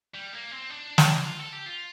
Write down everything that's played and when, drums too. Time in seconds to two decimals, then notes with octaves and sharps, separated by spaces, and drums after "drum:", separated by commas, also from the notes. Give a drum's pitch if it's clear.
0.15 G3
0.34 A#3
0.52 C4
0.70 D4
0.98 drum: snare
1.25 F4
1.39 A4
1.53 G4
1.66 F4